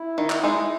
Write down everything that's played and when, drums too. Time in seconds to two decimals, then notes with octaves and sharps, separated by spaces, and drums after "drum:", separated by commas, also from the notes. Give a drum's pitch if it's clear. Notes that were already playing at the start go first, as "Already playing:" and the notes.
Already playing: E4
0.18 D#3
0.30 drum: clap
0.43 G#3 D#4